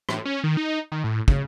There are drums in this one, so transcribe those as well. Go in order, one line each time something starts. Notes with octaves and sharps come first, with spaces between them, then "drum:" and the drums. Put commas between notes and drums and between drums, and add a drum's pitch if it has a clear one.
A2, drum: rim click
C#4
D#3
D#4
D#3
A2
C#3, drum: kick